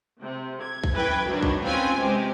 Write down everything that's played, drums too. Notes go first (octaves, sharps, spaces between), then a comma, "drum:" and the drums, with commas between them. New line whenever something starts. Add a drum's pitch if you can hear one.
C3
G#6
drum: kick B1
F#2 E3 B4 G5 G#6
D#3 F#3 G3 D4
drum: kick B1
C4 C#4 F4 B4 G5 G#5
C3 G#3 C4 G4